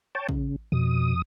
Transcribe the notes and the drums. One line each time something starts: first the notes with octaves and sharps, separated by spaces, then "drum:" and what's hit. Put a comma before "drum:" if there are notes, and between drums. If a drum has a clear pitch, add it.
C#5 G5 A5
C#3, drum: kick
F2 B2 D#6